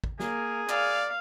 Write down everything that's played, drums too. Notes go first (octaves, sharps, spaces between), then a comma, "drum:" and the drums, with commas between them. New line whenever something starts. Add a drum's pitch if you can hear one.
drum: kick
A#3 G#4, drum: snare
D5 F5, drum: clap